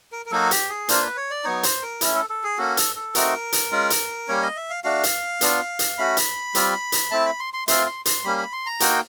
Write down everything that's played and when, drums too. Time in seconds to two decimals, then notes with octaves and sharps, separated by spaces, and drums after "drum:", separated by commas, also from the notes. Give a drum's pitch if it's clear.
0.12 A#4
0.26 A#4
0.31 F#3 A#3 D#4 F#4 A4
0.51 G4, drum: hi-hat
0.69 G#4
0.89 A#3 D4 F4 C5, drum: hi-hat
1.02 B4
1.17 C#5
1.31 D5
1.44 F#3 B3 D#4 C#5
1.63 C5, drum: hi-hat
1.82 A#4
2.01 A3 C#4 E4, drum: hi-hat
2.16 A4
2.30 A4
2.44 G#4
2.58 A#3 C#4 F#4 A4
2.77 A4, drum: hi-hat
2.96 A4
3.15 A3 C4 D#4 F#4 A#4, drum: hi-hat
3.52 drum: hi-hat
3.72 G#3 C#4 F4
3.90 drum: hi-hat
4.28 G3 A#3 C#4 C#5
4.42 D#5
4.57 E5
4.70 F5
4.84 A3 D4 F#4 F5
5.03 drum: hi-hat
5.41 B3 D4 F4, drum: hi-hat
5.79 drum: hi-hat
5.98 A3 C#4 F#4 B5
6.17 drum: hi-hat
6.55 G3 C4 F4, drum: hi-hat
6.92 drum: hi-hat
7.11 A3 C4 E4 A5
7.25 B5
7.40 C6
7.54 C6
7.68 A3 C4 F4 C6, drum: hi-hat
7.87 C6
8.05 C6, drum: hi-hat
8.24 G3 A#3 C#4 B5
8.38 B5
8.53 C6
8.66 A#5
8.80 A#3 D#4 F#4 G5, drum: hi-hat